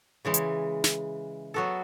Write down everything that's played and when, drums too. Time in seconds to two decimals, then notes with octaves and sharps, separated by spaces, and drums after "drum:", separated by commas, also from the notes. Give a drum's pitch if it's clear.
0.25 C#3 E3 G#3
0.34 drum: hi-hat
0.84 drum: snare
1.54 F#3 B3 F#4 A4